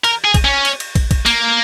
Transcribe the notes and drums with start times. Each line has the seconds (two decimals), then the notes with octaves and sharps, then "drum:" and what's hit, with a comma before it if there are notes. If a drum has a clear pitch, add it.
0.04 A#4, drum: cymbal
0.24 G#4
0.34 drum: kick, cymbal
0.45 C#4
0.65 drum: cymbal
0.80 drum: cymbal
0.95 drum: kick, cymbal
1.11 drum: kick, cymbal
1.26 A#3, drum: cymbal